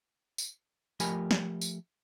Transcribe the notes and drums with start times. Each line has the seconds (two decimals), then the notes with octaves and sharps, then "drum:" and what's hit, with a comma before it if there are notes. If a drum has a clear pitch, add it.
0.38 drum: tambourine
1.00 F3 A3 G4 A#4 G#5 B5, drum: tambourine
1.31 drum: snare
1.61 drum: tambourine